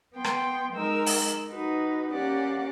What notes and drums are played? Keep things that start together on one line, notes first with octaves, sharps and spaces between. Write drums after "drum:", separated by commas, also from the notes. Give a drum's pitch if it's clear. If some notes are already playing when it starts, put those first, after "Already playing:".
B3 G5 C6
drum: rim click
G#3 D#4 A#4 E6
drum: open hi-hat
D#4 F#4 B4
A#3 C#4 G4 D5 F#5